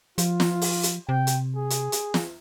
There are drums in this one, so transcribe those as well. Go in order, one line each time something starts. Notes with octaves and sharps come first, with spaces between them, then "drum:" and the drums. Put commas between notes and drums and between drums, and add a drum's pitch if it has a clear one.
F3 F4, drum: hi-hat
drum: snare
drum: open hi-hat
drum: hi-hat
C3 G5
drum: hi-hat
G#4
drum: hi-hat
drum: hi-hat
drum: snare